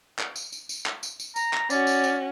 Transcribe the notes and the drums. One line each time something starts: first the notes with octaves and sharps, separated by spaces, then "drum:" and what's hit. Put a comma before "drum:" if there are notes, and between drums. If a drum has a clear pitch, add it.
drum: clap
drum: tambourine
drum: tambourine
drum: tambourine
drum: clap
drum: tambourine
drum: tambourine
A#5, drum: tambourine
drum: clap
C#4 F#4 D5, drum: tambourine
drum: tambourine
drum: tambourine